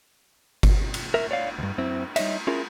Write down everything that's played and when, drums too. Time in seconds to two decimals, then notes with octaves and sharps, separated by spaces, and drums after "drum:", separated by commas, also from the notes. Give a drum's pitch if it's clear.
0.63 drum: kick G1, cymbal
0.94 drum: cymbal
1.14 A#4 E5
1.31 C#5 D5 F5
1.59 D2 G2
1.78 F#2 C4 E4
2.16 G3 D#4 C#5 D#5 E5, drum: cymbal
2.47 C#4 E4 F4 G#4 A#4